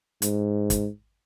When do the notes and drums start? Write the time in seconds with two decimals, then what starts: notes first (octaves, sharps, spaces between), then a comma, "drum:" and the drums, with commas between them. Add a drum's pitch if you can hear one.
0.22 G#2, drum: hi-hat
0.70 drum: kick, hi-hat